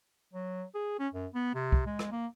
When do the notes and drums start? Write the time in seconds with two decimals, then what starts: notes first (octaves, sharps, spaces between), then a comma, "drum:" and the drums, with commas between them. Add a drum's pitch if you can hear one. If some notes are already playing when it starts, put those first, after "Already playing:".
0.33 F#3
0.75 G#4
0.99 C#4
1.14 F#2
1.34 B3
1.55 C3
1.72 drum: kick C2
1.86 G#3
1.99 drum: rim click
2.11 A#3